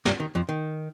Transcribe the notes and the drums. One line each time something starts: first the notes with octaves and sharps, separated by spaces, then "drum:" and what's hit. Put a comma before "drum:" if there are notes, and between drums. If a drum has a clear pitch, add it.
G2 G3, drum: snare
D#3
F2 F3
D#3